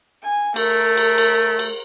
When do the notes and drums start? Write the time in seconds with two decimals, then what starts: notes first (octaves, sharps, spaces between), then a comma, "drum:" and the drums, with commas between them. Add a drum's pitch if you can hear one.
0.23 G#5
0.56 A3 A#4, drum: cymbal
0.97 drum: cymbal
1.18 drum: cymbal
1.59 drum: cymbal